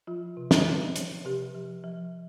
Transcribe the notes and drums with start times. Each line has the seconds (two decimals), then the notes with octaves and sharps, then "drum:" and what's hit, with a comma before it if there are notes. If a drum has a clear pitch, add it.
0.07 F3 F4
0.37 C3
0.51 drum: snare
0.67 F3
0.96 F3, drum: hi-hat
1.25 C3 G4
1.55 F3
1.84 F3